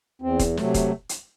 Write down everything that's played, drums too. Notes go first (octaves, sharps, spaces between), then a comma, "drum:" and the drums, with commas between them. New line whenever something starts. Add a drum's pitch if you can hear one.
E2 C4
drum: kick E1, hi-hat
C3 F#3 A3, drum: snare
drum: kick E1, hi-hat
drum: hi-hat